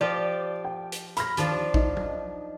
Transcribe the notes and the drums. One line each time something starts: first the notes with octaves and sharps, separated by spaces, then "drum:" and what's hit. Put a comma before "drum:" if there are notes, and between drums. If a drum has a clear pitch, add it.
F3 F4 G4 D5
G5
drum: hi-hat
B5 F6 A#6, drum: hi-hat
D#2 F3 D4 F4, drum: hi-hat
D#4, drum: kick A1
drum: tom F#3